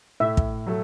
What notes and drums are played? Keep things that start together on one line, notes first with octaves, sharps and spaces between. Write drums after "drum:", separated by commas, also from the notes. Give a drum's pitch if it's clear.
A2 E5
drum: kick
F#3 A3